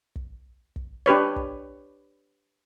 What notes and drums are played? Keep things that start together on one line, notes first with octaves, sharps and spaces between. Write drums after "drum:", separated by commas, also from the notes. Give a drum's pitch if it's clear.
drum: kick
drum: kick
D4 G4 B4 C#5
drum: kick